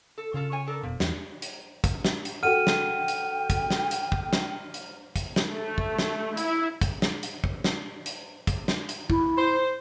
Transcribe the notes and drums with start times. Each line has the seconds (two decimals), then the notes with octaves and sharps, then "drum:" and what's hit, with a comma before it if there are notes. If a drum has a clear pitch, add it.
0.18 A4
0.34 C#3 C#4 F4 A4
0.52 C#5 G#5
0.66 D4 A4 A#4
0.83 F1 B2 F3
1.00 E2 E3, drum: snare
1.42 drum: hi-hat
1.84 drum: kick, hi-hat
2.05 drum: snare
2.25 drum: hi-hat
2.43 F#4 A4 F#5 G5 F6 D#7
2.67 drum: snare
3.08 drum: hi-hat
3.50 drum: kick, hi-hat
3.70 drum: snare
3.91 drum: hi-hat
4.12 drum: kick
4.33 drum: snare
4.74 drum: hi-hat
5.16 drum: kick, hi-hat
5.36 drum: snare
5.52 A3
5.78 drum: kick
5.99 drum: snare
6.37 E4, drum: hi-hat
6.81 drum: kick, hi-hat
7.02 drum: snare
7.23 drum: hi-hat
7.44 drum: kick
7.64 drum: snare
8.06 drum: hi-hat
8.47 drum: kick, hi-hat
8.68 drum: snare
8.89 drum: hi-hat
9.10 E4, drum: kick
9.38 C5